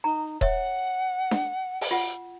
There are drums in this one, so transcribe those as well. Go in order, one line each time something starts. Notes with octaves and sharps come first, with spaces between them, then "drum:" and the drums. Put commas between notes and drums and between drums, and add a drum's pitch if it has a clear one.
D#4 A#5
C#5 E5 F#5, drum: kick D#1
drum: snare D4
drum: open hi-hat
F4 F#5